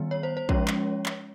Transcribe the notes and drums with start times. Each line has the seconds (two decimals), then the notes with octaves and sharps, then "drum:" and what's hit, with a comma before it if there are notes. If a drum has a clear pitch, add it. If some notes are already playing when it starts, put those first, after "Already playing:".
Already playing: D#3 G3 B3
0.11 C#5
0.23 C5
0.37 C5
0.49 F3 G#3 C#4 C#5, drum: kick
0.68 drum: clap
1.06 drum: clap